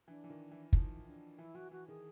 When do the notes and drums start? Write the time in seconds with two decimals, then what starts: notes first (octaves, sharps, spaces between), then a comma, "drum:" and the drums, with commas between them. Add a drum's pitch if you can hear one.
0.08 E3 D4
0.24 E3
0.30 D#3
0.51 E3
0.73 F3 D#4, drum: kick
1.06 D4
1.38 E3 E4
1.55 E3 F#4
1.71 E3 F#4
1.88 D#3 G#4